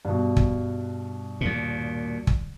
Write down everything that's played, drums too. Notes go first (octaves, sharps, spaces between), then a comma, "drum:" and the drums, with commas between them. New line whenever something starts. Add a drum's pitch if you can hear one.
G2 B2
drum: kick
D#2 A#2
drum: kick